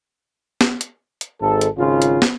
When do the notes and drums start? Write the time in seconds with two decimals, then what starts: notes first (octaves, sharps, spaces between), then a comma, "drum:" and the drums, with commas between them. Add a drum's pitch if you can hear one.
0.61 drum: snare
0.81 drum: hi-hat
1.21 drum: hi-hat
1.41 G#1 G#2 A4
1.61 drum: hi-hat
1.78 G#1 C#3 F4
2.02 drum: hi-hat
2.22 drum: snare